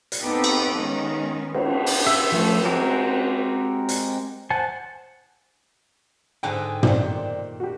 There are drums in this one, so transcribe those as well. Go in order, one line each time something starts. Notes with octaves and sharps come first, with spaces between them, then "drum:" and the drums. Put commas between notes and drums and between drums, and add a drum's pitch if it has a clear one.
drum: hi-hat
B3 C4 D#4 G4 A4 B4
drum: cymbal
D#3 G#3 B3 C#4
drum: cymbal
drum: open hi-hat
E5
F3 A3
G#3 C4 F#4 G4 A#4
drum: hi-hat
C5 F#5 G#5 A5
G#2 D3 D#5 G5 G#5 F#6
A#2 D#3 C5 D5 G5, drum: tom
F#4 G4